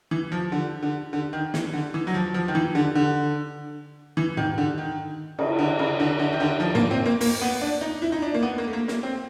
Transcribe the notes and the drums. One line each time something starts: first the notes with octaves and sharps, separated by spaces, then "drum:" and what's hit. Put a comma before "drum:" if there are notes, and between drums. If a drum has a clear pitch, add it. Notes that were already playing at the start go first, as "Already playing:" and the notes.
E3
F3
D3
D3
D3
D#3
E3, drum: snare
D3
E3
F#3
F3
F3
D#3
E3
D3
D3
E3
D#3, drum: tom G#2
D3
D#3
C#3, drum: cymbal
D3
C#3
D3
D3
D#3
D3
F3
A#3, drum: tom G#2
C4
A#3
A#3, drum: open hi-hat
B3
D4
D#4
E4
D#4
D4
A#3
B3
A#3
A3
A#3
A#3, drum: snare
C4